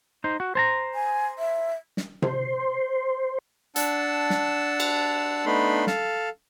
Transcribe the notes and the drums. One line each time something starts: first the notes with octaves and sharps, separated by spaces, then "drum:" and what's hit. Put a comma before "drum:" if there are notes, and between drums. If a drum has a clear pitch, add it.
D#4 C5
F#4
C5 A5 A#5
G#5
E5
drum: snare
C5, drum: tom C3
D4 F#5 A5 E6, drum: hi-hat
drum: snare
drum: cymbal
A3 B3 D4 D#4 B5 C6
A4 F5, drum: snare